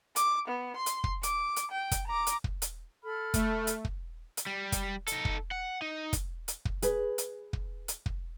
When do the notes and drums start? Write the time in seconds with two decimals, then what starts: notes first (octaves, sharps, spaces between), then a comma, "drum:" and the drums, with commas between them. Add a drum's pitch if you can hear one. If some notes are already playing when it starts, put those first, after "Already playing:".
0.16 D6, drum: hi-hat
0.48 B3
0.76 C6
0.86 drum: hi-hat
1.04 drum: kick
1.23 D6, drum: hi-hat
1.56 drum: hi-hat
1.71 G5
1.91 drum: kick, hi-hat
2.07 A#5 D6
2.27 drum: hi-hat
2.44 drum: kick
2.62 drum: hi-hat
3.04 A4 B5 F6
3.34 A3, drum: kick, hi-hat
3.67 drum: hi-hat
3.85 drum: kick
4.37 drum: hi-hat
4.47 G3
4.72 drum: kick, hi-hat
5.07 D#4 A4, drum: hi-hat
5.25 drum: kick
5.51 F#5
5.82 D#4
6.13 drum: kick, hi-hat
6.48 drum: hi-hat
6.65 drum: kick
6.82 G#4 B4, drum: hi-hat
7.18 drum: hi-hat
7.53 drum: kick
7.88 drum: hi-hat
8.06 drum: kick